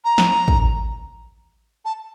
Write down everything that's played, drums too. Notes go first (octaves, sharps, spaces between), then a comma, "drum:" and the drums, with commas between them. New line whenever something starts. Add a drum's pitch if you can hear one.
A#5
drum: snare
drum: kick
A5